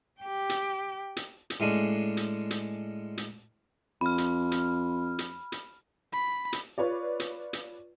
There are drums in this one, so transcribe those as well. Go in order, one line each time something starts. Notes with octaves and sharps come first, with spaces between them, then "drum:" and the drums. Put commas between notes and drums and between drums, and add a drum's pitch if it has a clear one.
G4 G5
drum: hi-hat
drum: hi-hat
drum: hi-hat
A2 G#3 C#4 D4
drum: hi-hat
drum: hi-hat
drum: hi-hat
F2 B5 F6
drum: hi-hat
drum: hi-hat
drum: hi-hat
drum: hi-hat
B5
drum: hi-hat
F4 B4 C#5 D5
drum: hi-hat
drum: hi-hat